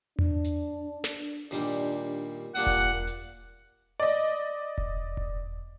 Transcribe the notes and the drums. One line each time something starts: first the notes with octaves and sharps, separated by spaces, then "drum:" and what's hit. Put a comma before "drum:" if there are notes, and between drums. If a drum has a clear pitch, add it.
D4, drum: tom E2
drum: hi-hat
drum: snare
D#2 A#2 G3 D4, drum: hi-hat
A#2 G3 D4 F#5 D#6
drum: kick E1
drum: hi-hat
D5 D#5
drum: kick E1
drum: kick E1